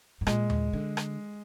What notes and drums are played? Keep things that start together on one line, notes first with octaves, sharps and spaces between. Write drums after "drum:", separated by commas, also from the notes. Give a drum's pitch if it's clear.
G#2
A#2 G#3, drum: rim click
drum: tom D#2
D3
drum: rim click